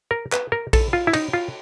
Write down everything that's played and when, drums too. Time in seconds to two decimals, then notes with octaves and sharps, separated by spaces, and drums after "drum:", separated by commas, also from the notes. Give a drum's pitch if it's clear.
0.11 A#4
0.32 B4, drum: clap
0.52 A#4
0.73 A4, drum: kick A#1, cymbal
0.93 F4
1.07 E4
1.13 D#4, drum: cymbal
1.33 F4